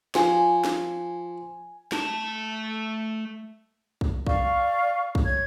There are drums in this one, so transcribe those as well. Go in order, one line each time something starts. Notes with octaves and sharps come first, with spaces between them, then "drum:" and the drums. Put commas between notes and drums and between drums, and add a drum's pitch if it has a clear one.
F3 G#5, drum: snare
drum: snare
A3 A5, drum: snare
drum: kick
D5 F5 C#6, drum: kick
drum: kick
C#5 G#6